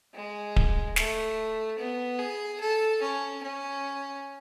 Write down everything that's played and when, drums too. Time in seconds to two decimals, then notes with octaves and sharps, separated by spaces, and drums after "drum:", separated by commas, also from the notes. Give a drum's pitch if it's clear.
0.14 G#3
0.56 drum: kick D1
0.96 A3, drum: snare
1.78 B3
2.19 G#4
2.60 A4
3.02 C#4
3.43 C#4